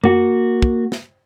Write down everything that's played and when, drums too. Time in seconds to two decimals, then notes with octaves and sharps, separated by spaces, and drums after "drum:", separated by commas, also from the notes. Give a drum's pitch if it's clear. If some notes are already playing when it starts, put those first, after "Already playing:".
0.04 A#3 F#4, drum: tom F#2
0.62 drum: kick
0.92 drum: snare